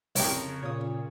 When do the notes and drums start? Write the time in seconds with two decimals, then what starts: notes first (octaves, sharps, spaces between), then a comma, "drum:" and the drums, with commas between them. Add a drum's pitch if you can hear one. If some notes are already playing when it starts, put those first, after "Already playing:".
0.16 C2 F2 C#3 G4 A#4 C#5, drum: open hi-hat
0.63 A#2 C#5 D#6